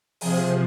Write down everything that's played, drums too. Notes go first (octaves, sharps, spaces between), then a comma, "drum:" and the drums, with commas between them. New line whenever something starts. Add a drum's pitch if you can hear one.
C3 F3 G#4, drum: open hi-hat